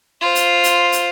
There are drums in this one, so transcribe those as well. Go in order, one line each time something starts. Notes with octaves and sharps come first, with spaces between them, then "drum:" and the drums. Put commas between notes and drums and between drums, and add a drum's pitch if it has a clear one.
F4 C5
drum: hi-hat
drum: hi-hat
drum: hi-hat